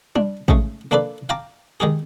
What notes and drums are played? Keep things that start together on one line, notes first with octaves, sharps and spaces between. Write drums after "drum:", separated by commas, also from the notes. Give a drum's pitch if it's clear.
D4, drum: tom G3
G#2 C#3 G#3 A3, drum: kick A1
A#3 D4 A4 B4 D5
F5 G5 A5 A#5 D6
D#3 G#3 G4 G#4